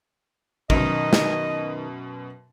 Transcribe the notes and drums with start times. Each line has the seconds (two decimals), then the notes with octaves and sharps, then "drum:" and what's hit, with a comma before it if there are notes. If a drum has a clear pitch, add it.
0.70 F#2 B2 D#3 D#5, drum: kick
1.13 drum: snare